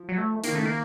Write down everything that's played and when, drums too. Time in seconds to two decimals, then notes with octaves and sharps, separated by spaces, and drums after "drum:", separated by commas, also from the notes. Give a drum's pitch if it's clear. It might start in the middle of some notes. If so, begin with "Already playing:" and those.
Already playing: F3
0.09 F#3
0.18 A3
0.44 D#3 A#3, drum: hi-hat
0.52 C#3
0.55 D#3 A3
0.65 A#3